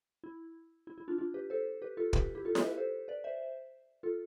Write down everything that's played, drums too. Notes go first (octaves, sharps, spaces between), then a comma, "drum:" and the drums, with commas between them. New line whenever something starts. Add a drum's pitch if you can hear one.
E4
E4
E4
D4 F4
D4 F4
G4 B4
A4 C5
G4 B4
F4 A4
G4 B4, drum: kick
E4 G4
F4 A4
E4 G4, drum: snare E4
G4 B4
A4 C5
B4 D5
C5 E5
F4 A4